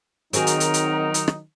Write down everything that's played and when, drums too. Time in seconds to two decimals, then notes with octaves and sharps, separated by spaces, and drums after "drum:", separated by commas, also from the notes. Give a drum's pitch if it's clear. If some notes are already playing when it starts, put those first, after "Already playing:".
0.33 D#3 F#3 C4 D#4 F#4 G#4 A#4, drum: hi-hat
0.47 drum: hi-hat
0.60 drum: hi-hat
0.74 drum: hi-hat
1.14 drum: hi-hat
1.28 drum: rim click